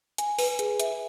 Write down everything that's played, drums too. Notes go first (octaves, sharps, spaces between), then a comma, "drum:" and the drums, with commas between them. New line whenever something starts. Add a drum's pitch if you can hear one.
G#5, drum: hi-hat
B4, drum: open hi-hat
G#4, drum: hi-hat
E5, drum: hi-hat